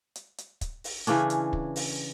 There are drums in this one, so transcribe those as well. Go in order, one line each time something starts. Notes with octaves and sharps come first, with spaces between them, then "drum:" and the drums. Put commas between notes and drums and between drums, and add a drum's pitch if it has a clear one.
drum: hi-hat
drum: hi-hat
drum: kick, hi-hat
drum: open hi-hat
C#3 E3 C#4 D4, drum: hi-hat
drum: hi-hat
drum: kick
drum: open hi-hat